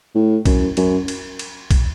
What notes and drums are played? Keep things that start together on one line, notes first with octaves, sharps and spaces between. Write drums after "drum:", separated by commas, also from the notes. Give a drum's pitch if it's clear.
A2
F#2, drum: kick B1, cymbal
F#2, drum: cymbal
drum: cymbal
drum: cymbal
drum: kick B1, cymbal